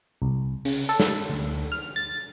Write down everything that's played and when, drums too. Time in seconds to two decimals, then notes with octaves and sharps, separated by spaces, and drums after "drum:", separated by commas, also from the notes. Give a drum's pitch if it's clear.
0.22 C2
0.65 C#3, drum: open hi-hat
0.89 A4
1.00 drum: snare
1.30 D2
1.72 F6
1.96 A6